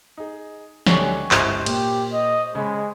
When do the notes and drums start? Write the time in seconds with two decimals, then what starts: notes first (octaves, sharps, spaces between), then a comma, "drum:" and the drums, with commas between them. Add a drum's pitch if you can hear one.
0.17 D#4 G#4
0.86 C#2 D3 F#3 C#4 G4 C#5, drum: snare
1.31 G1 C#2 E4 C5 D#5, drum: clap
1.66 A#2 G4, drum: cymbal
2.12 D#5
2.55 C#3 G#3 B5